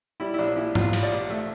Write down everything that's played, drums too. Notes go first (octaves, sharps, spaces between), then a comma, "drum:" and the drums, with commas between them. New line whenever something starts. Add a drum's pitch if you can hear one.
G3 E4
E4
A#1 D4
A#2 E4
A#1 F4, drum: tom G#2
G3, drum: cymbal
D5
A#1
A3 E5